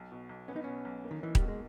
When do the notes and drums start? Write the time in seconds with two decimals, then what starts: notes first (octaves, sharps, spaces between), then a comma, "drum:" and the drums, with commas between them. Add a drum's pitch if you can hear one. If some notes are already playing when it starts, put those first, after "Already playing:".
Already playing: B1
0.12 B2
0.29 B1
0.48 B3 C#4
0.56 D#4
0.64 B2 C#4
0.85 B1
1.04 A#3
1.11 D#3
1.23 E3 D#4
1.35 G3, drum: kick D#1
1.41 B2
1.48 G#3